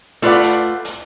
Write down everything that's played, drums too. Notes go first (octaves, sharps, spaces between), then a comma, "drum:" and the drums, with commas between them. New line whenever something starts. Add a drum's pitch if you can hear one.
A3 F4 B4 C#5 D5 F#5, drum: hi-hat
drum: hi-hat
drum: hi-hat